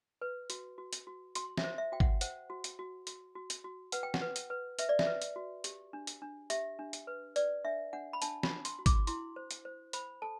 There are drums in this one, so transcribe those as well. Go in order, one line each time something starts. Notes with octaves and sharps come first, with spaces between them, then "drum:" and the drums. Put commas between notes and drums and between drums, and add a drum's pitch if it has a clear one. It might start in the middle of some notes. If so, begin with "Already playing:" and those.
B4
F#4, drum: hi-hat
F#4
drum: hi-hat
F#4
F#4 C6, drum: hi-hat
E5, drum: snare
C5
E5
F#4 G5
F#5, drum: kick
C5 F#5, drum: hi-hat
F#4
drum: hi-hat
F#4
F#4, drum: hi-hat
F#4
drum: hi-hat
F#4
B4 F#5, drum: hi-hat
G5
F#5, drum: snare
B4
drum: hi-hat
B4
B4 E5, drum: hi-hat
D5
E5, drum: snare
B4
drum: hi-hat
F#4
G4, drum: hi-hat
D4
drum: hi-hat
D4
G4 E5, drum: hi-hat
D4
drum: hi-hat
B4
B4 D5, drum: hi-hat
D4 E5
D4 F#5
B5
D4 A5, drum: hi-hat
B5, drum: snare
D4
C6, drum: hi-hat
F#4
D6, drum: kick, hi-hat
E4 C6, drum: hi-hat
C5
drum: hi-hat
C5
C5 B5, drum: hi-hat
A4 A5